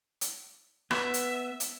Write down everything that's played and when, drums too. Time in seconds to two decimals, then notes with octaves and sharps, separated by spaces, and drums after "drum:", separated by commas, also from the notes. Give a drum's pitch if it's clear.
0.21 drum: hi-hat
0.91 B3 E5, drum: rim click
1.14 drum: hi-hat
1.60 drum: hi-hat